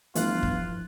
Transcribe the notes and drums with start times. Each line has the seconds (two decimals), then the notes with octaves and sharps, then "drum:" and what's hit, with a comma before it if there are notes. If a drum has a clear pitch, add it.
0.15 G1 E3 F3 A3 F4 F#6, drum: hi-hat
0.43 drum: kick